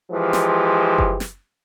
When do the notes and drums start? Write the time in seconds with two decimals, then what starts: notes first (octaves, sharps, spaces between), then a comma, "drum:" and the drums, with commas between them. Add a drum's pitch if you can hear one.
0.11 E3 F3 G#3 G4
0.33 drum: snare
0.98 drum: kick F#1
1.20 drum: snare